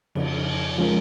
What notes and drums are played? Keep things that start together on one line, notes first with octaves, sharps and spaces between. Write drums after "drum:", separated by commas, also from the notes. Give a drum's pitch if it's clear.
F2 C#3 F3, drum: cymbal
F3 G#3 C#4 F4 A#4